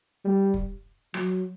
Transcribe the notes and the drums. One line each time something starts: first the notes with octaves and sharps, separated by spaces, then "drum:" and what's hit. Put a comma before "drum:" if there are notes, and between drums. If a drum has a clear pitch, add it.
G3
drum: kick
F#3, drum: rim click